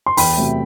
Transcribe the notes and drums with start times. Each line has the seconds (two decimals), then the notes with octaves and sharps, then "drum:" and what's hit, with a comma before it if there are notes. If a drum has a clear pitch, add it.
0.06 C6
0.17 E2 G5 B5, drum: open hi-hat
0.37 C3 F#3 A3